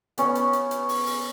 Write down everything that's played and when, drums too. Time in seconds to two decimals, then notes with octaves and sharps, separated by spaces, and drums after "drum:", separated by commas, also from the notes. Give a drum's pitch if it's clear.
0.18 B3 C#4, drum: hi-hat
0.35 drum: hi-hat
0.53 drum: hi-hat
0.71 drum: hi-hat
0.89 drum: open hi-hat
1.07 drum: open hi-hat